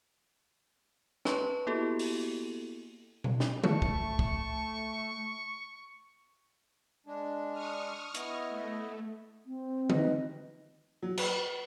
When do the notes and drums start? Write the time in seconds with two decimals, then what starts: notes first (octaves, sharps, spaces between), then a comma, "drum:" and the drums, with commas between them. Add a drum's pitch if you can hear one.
1.25 B4 C#5 A5 C6 C#6, drum: snare
1.67 A#3 B3 E4 F#4 G4 A4
1.99 drum: open hi-hat
3.24 drum: tom B2
3.40 drum: snare
3.64 A3 A5 C#6, drum: tom D3
3.82 drum: kick
4.19 drum: kick
7.07 G#3 D4
7.52 C#6 D#6 F6
8.15 B3 E4 D#5, drum: hi-hat
8.49 A3
9.46 C4
9.90 D#4 B4 D#5, drum: tom D3
11.02 F#3
11.18 B4, drum: cymbal